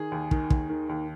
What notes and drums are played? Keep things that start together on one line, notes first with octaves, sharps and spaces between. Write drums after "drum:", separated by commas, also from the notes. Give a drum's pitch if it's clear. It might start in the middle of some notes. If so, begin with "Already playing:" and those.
Already playing: D#3 G#4
D#2
D#3, drum: kick
D#2, drum: kick
D#3
D#2